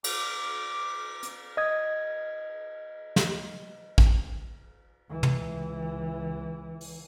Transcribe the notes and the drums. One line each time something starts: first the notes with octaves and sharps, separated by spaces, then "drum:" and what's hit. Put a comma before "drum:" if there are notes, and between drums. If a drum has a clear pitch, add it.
D6, drum: cymbal
drum: hi-hat
D#5 D#6 G#6
drum: snare
drum: kick
C#2 E3
drum: tom
drum: open hi-hat